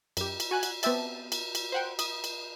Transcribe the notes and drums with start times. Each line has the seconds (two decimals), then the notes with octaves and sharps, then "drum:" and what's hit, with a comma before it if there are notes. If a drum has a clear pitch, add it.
0.17 F#2 G4, drum: cymbal
0.40 drum: cymbal
0.51 F#4 G#5 F#6
0.63 drum: cymbal
0.83 B3 C4 G4 E5 A5, drum: cymbal
1.32 drum: cymbal
1.55 drum: cymbal
1.72 C5 F#5 G5
1.99 D#6, drum: cymbal
2.24 drum: cymbal